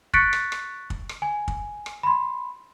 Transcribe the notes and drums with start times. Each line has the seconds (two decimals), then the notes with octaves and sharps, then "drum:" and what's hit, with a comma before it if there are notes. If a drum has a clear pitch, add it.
0.14 C#6 F#6 A6 B6 C#7 D7, drum: kick
0.33 drum: rim click
0.52 drum: rim click
0.90 drum: kick
1.09 drum: rim click
1.22 G#5
1.48 drum: kick
1.86 drum: rim click
2.03 B5 C6